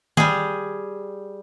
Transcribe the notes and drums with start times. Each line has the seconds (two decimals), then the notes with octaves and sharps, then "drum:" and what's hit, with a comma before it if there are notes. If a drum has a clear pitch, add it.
0.17 G3 G#4, drum: tom D#3